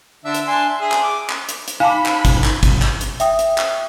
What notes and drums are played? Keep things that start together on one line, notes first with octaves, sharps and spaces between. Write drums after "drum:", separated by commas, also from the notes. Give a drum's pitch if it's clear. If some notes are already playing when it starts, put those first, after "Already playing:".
D3 D4 E5
drum: hi-hat
D4 G#5 C6
E5
G#4 E5
drum: clap
D6
drum: clap
drum: hi-hat
drum: hi-hat
D#4 F5 A5 B5 D6
drum: clap
drum: kick, hi-hat
drum: clap
drum: kick, hi-hat
drum: clap
drum: hi-hat
E5 G5 D#6, drum: hi-hat
drum: hi-hat
drum: clap